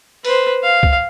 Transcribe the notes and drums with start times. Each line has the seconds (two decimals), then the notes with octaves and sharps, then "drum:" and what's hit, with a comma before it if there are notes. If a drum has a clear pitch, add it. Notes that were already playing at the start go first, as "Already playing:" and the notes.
0.25 B4 C5, drum: open hi-hat
0.63 F5
0.83 drum: kick C#2